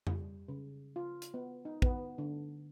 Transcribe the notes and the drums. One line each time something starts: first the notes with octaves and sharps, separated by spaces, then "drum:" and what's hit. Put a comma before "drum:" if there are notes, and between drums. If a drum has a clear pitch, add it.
G3, drum: tom F2
C#3
F4
drum: hi-hat
B3
D#4
B3, drum: kick
D3